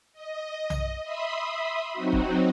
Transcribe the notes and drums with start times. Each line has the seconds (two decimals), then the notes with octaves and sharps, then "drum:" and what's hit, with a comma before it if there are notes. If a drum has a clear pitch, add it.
0.13 D#5
0.70 drum: tom B1
1.03 E5 B5 C6 D#6
1.93 F#3 C4 D#4 F#4
2.12 drum: kick